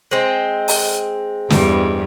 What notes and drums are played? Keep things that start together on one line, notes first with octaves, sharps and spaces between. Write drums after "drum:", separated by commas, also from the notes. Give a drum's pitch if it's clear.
G#3 C4
drum: open hi-hat
E2 G2, drum: snare